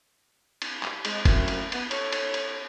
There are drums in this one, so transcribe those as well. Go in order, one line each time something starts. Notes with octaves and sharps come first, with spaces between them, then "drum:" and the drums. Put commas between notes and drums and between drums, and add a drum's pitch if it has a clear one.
drum: cymbal
drum: clap
G#3, drum: cymbal
F#2 A3 A#3 C4 E4, drum: kick, cymbal
drum: cymbal
B3, drum: cymbal
A4 C#5, drum: cymbal
drum: cymbal
drum: cymbal